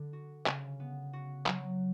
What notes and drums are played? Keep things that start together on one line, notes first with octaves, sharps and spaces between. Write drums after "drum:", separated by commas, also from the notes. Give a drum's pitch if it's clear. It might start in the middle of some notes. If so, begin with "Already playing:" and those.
Already playing: D3
F#4
C#3, drum: clap
B3
F#4
F#3, drum: clap